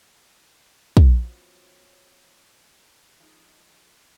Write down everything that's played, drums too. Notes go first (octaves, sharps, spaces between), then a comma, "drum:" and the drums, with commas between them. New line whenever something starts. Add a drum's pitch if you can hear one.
F3 F#3 B3 C#4, drum: kick
F3 G#3 D#4